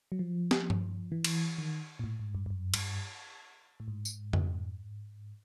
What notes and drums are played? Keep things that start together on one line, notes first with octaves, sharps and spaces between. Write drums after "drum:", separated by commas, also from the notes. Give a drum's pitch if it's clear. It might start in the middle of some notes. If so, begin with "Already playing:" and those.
F#3
F3
drum: snare
drum: tom G2
E3
drum: cymbal
D#3
A#2
A2
G#2
G2
G2
F#2
G2, drum: cymbal
A2
G#2
drum: tambourine
drum: tom F2